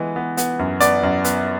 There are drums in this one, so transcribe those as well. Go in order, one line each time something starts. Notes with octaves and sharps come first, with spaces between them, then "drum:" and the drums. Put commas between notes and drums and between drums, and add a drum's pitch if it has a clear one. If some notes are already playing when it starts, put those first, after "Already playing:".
Already playing: E3 G#3 B3
B3
B3, drum: hi-hat
F#2
B3 D5, drum: hi-hat
F#2
B3, drum: hi-hat